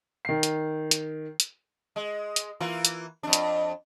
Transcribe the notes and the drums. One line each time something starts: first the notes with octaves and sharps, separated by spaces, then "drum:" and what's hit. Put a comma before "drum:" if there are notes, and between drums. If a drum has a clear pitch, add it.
D#3 C7
drum: hi-hat
drum: hi-hat
drum: hi-hat
G#3
drum: hi-hat
E3 A#3 F4
drum: hi-hat
F2 D4
drum: hi-hat